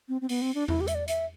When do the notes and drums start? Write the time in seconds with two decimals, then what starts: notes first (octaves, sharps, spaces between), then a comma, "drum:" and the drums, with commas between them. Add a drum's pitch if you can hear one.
0.09 C4
0.21 C4
0.29 B3, drum: open hi-hat
0.42 C4
0.55 D4
0.68 E4, drum: tom E2
0.81 G4
0.87 E5, drum: hi-hat
0.95 D5
1.08 E5, drum: hi-hat